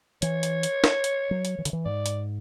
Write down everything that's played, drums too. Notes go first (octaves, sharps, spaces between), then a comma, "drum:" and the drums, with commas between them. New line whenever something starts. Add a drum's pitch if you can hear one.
E3 C#5, drum: hi-hat
drum: hi-hat
drum: hi-hat
drum: snare
drum: hi-hat
F#3
drum: hi-hat
E3
D3, drum: hi-hat
E3
G#2 D5
drum: hi-hat